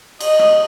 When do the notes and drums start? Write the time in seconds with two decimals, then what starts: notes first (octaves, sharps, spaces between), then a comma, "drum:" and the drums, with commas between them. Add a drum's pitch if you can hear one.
0.20 D#5, drum: cymbal
0.39 drum: rim click